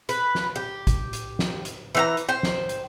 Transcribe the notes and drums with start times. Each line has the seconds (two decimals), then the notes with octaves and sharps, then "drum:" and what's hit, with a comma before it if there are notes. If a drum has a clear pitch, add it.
0.09 B4, drum: hi-hat
0.35 drum: snare
0.56 G4
0.87 drum: kick G#1, hi-hat
1.13 drum: hi-hat
1.39 drum: snare
1.65 drum: hi-hat
1.95 E3 C5 A#5
2.17 drum: hi-hat
2.29 C5 G5
2.43 drum: snare
2.69 drum: hi-hat